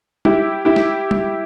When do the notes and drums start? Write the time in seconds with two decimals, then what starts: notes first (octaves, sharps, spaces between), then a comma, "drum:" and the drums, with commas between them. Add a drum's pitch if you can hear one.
0.25 E4 G4, drum: tom
0.65 E4 G4
0.76 drum: snare
1.11 drum: tom